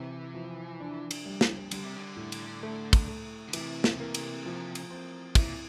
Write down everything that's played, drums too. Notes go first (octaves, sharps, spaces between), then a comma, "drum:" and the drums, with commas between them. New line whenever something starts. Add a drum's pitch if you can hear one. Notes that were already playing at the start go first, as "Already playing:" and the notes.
Already playing: C3 E3
F3
D4
drum: cymbal
G3
drum: snare
D3 G3, drum: cymbal
C3
D3
A2
drum: cymbal
A3
drum: kick, cymbal
A3
D3
C3 E3, drum: cymbal
drum: snare
A#3
drum: cymbal
F3
drum: cymbal
C4
A#2 E4, drum: kick, cymbal